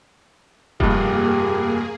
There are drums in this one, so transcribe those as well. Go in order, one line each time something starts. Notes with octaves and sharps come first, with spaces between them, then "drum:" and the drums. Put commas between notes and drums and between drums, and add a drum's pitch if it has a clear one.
F1 G2 A#3 G4 G#4, drum: kick E1